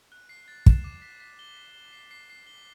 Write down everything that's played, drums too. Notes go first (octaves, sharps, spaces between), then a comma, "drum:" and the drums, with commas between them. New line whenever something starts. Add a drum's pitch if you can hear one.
F#6
C7
A6
E7, drum: kick
D6
B6
B6
G7
B6
G7
C7
C7
C7
G7